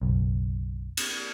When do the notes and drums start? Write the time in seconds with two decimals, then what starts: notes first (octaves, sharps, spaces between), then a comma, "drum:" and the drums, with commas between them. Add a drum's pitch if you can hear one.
0.02 F#1 B1
0.97 drum: cymbal